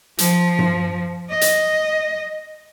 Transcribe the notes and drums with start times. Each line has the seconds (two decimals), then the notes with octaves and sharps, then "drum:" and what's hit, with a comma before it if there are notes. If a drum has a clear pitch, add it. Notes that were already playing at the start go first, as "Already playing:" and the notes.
0.19 F3, drum: hi-hat
0.59 drum: tom G2
1.30 D#5
1.41 drum: hi-hat